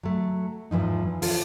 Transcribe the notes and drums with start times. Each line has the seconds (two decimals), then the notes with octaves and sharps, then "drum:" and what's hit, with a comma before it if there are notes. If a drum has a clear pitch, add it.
0.03 F#3 A3
0.71 E2 G#2 E3 F3 D#4
1.22 F4 A4, drum: open hi-hat